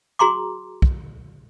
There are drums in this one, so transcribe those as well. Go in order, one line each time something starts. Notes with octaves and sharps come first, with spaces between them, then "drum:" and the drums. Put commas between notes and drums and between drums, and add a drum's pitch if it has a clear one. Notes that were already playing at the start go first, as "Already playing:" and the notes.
F#4 G#4 A#5 C6 D6
drum: kick